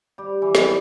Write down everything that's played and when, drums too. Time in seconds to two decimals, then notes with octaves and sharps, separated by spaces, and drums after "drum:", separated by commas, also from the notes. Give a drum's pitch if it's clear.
0.18 G3 G4
0.42 E3
0.55 drum: snare